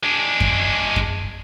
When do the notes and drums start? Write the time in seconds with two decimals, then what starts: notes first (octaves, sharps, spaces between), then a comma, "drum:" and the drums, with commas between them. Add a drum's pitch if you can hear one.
0.03 G#3 D4
0.40 drum: kick F#2
0.96 drum: kick F#2